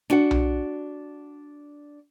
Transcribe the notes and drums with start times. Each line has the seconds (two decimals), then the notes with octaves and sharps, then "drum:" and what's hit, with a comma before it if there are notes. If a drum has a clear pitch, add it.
0.10 D4 F#4 F#5, drum: snare
0.31 drum: tom B1